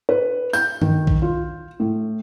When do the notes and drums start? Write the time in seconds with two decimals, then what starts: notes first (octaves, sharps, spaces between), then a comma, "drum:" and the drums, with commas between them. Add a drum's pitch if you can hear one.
0.09 B4
0.53 G6, drum: tambourine
0.82 D#3, drum: tom G2
1.07 drum: kick B1
1.22 F4
1.80 A2